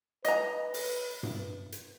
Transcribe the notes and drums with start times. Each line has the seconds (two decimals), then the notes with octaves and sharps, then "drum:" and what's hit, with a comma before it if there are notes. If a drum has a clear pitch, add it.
0.25 B4 D#5 A#5, drum: hi-hat
0.74 drum: open hi-hat
1.23 drum: tom G2
1.72 drum: hi-hat